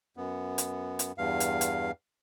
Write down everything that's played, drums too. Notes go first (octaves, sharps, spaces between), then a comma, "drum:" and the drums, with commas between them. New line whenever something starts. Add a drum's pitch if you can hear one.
F#2 B3
drum: hi-hat
drum: hi-hat
E2 G2 F5
drum: hi-hat
drum: hi-hat